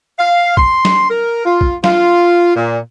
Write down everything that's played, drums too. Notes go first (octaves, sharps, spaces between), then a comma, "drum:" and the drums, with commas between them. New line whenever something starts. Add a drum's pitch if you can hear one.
F5
C6, drum: kick
drum: snare
A#4
F4
drum: kick
F4, drum: snare
A#2